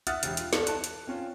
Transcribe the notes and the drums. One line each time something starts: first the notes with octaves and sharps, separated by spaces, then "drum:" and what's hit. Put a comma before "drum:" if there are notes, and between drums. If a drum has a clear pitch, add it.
E5 F#5 D#6 F6 F#6 A6, drum: hi-hat
E1 G4, drum: hi-hat
F4, drum: hi-hat
A4 D5, drum: snare
A5 F#6, drum: hi-hat
drum: hi-hat
C4 C#4 F4